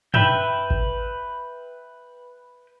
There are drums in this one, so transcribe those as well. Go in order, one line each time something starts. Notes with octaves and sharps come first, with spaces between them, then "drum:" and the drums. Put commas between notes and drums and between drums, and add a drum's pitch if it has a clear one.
B4 E5 G5, drum: tom
drum: kick G#1